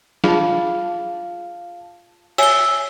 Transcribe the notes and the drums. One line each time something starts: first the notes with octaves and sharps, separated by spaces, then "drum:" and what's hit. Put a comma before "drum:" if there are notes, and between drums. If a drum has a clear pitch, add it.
F4 G#4 F5 A5, drum: snare
C#5 E5 G#5 E6 G7, drum: open hi-hat